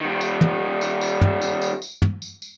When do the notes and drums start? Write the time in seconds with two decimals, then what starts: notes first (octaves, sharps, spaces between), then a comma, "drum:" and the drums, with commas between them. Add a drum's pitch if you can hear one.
0.01 D#3 G3
0.21 drum: tambourine
0.41 drum: tom
0.81 drum: tambourine
1.01 drum: tambourine
1.21 drum: tom
1.41 drum: tambourine
1.62 drum: tambourine
1.82 drum: tambourine
2.02 drum: tom
2.22 drum: tambourine
2.42 drum: tambourine